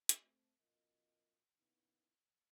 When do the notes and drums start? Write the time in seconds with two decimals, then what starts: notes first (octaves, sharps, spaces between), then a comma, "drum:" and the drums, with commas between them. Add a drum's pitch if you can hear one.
0.09 drum: hi-hat
0.21 A3 C4
0.60 F#2 B2 F4 A#4 D#5
1.58 A#2 C#3 B3 D#4 E4